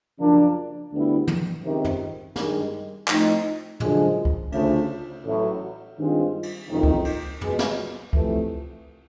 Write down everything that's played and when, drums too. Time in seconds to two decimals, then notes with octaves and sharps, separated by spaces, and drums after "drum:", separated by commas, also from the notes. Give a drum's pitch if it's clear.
0.19 F#2 C#3 F3 A#3 D4
0.91 D2 D3 G3 B3 E4
1.27 drum: tom
1.63 C#2 C3 D#3
1.84 drum: tom
2.36 G2 D#3 G#3, drum: snare
3.08 A2 F3 A3 C4 D#4, drum: clap
3.80 F#2 D3 F3 G#3, drum: tom
4.25 drum: kick C#2
4.52 D2 C#3 F3 A3, drum: cymbal
5.24 A1 A2 F#3
5.96 G2 D#3 G#3 C4 F4
6.43 drum: cymbal
6.69 F#1 F2 C3 D#3
6.83 drum: kick C#2
7.05 drum: cymbal
7.41 C#2 B2 G#3, drum: tom
7.59 drum: snare
8.13 F2 C3 E3 A3, drum: kick C#2